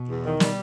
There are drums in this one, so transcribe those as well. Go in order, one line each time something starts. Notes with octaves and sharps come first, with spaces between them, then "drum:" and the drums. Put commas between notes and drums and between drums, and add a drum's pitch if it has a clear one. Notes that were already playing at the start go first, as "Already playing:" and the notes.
Already playing: B2
E2
D#3
G3, drum: snare